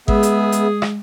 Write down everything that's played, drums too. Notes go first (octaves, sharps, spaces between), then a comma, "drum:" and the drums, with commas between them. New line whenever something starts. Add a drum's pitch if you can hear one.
G#3 B3 G#4 E5, drum: kick G#1
drum: hi-hat
drum: hi-hat
drum: rim click